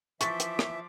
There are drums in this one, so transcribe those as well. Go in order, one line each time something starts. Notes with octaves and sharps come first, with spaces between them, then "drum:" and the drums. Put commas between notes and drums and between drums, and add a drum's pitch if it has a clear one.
E3 F3 E5 C#6 D6 A6 B6, drum: hi-hat
drum: hi-hat
drum: rim click